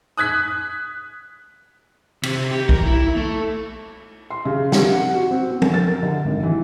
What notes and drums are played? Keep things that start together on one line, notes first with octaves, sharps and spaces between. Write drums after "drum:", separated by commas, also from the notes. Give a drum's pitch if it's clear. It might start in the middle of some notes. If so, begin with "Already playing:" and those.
D#6 F#6 G#6 B6
C3, drum: cymbal
G4
A#4, drum: kick
E4
A3
C6
C#3
C3, drum: snare
F#5
F#4
C4
B3
drum: tom
A6
A#4
D3
G#1
E3